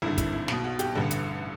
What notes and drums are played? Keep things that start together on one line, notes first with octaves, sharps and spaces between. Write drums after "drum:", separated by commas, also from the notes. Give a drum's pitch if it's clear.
G#1 G2 D3 E4
E4, drum: kick, hi-hat
E4
B1 B2, drum: snare
F#4
G4, drum: hi-hat
A1 G2 D3
drum: hi-hat